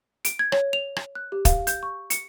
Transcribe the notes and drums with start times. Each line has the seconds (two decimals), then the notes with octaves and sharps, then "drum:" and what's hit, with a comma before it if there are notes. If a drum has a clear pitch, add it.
0.25 D7, drum: hi-hat
0.39 G#6
0.52 C#5, drum: rim click
0.73 F7
0.96 drum: rim click
1.15 F#6
1.32 G4
1.45 F5, drum: kick, hi-hat
1.67 G6, drum: hi-hat
1.83 C#6
2.10 C#7, drum: hi-hat